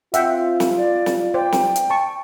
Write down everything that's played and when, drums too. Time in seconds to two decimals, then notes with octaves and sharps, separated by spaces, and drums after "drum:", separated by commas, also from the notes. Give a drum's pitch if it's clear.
0.14 C4 F4 E5 F#5 G5, drum: hi-hat
0.60 drum: snare
0.76 D5
1.06 drum: snare
1.34 C5 D5 G5
1.52 drum: snare
1.76 drum: hi-hat
1.90 A5 C#6